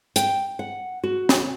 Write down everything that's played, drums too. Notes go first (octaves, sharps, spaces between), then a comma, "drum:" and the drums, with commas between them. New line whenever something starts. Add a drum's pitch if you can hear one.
G5, drum: hi-hat
F#5
F#4
drum: snare